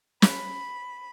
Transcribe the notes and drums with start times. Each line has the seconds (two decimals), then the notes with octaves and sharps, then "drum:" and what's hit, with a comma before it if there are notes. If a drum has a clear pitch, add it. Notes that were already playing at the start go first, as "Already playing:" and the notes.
0.22 B5, drum: snare